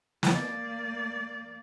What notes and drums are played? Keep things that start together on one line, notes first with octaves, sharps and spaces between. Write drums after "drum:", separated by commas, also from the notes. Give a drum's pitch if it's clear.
A#3 D5, drum: snare